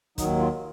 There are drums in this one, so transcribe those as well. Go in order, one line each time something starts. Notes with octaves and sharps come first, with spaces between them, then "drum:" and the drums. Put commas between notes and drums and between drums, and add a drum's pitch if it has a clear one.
D#2 D#3 F#3 D#4, drum: kick, hi-hat
F4